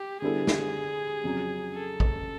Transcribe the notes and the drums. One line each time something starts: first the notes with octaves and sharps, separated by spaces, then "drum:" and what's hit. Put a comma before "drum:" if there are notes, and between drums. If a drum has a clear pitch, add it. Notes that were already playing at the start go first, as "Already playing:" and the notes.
Already playing: G4
D3 G3 B3 E4 G#4 A4
drum: snare
F2 C#3 F#3
A4
drum: kick